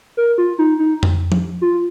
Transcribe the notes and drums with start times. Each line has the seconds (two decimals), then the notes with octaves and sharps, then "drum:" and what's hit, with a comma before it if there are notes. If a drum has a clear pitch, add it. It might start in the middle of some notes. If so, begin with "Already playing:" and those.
0.17 A#4
0.38 F4
0.59 D#4
0.79 D#4
1.03 drum: tom F2
1.32 drum: tom F3
1.61 F4